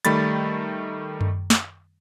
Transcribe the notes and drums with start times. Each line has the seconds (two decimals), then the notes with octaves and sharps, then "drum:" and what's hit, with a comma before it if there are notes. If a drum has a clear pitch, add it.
0.05 D#3 G3 A3 B5 A6, drum: hi-hat
1.21 drum: tom F#2
1.50 drum: snare